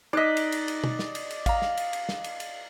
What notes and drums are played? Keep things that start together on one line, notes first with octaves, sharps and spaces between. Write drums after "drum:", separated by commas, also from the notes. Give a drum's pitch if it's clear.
D#4 D5 D#5 F#6 B6
drum: cymbal
drum: cymbal
drum: cymbal
drum: tom B2
drum: snare
drum: cymbal
drum: cymbal
F5 A#5, drum: kick, cymbal
drum: snare
drum: cymbal
drum: cymbal
drum: snare
drum: cymbal
drum: cymbal